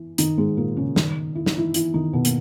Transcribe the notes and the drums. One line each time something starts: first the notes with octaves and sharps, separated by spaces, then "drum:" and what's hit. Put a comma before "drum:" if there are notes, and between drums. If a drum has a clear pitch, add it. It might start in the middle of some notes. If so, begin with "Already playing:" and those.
Already playing: E3
D#3 D#4, drum: hi-hat
G#2 G#3
A#2 A#3
C#3 C#4
D#3 D#4, drum: snare
E4
D#4, drum: snare
E3 E4
E3 E4, drum: hi-hat
D#3 D#4
B2 B3
A#3, drum: hi-hat